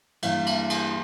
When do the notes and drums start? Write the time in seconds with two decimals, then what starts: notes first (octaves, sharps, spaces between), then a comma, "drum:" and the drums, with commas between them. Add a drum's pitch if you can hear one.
0.22 G2 E3 A#3 D4 F5, drum: cymbal
0.46 drum: cymbal
0.70 drum: cymbal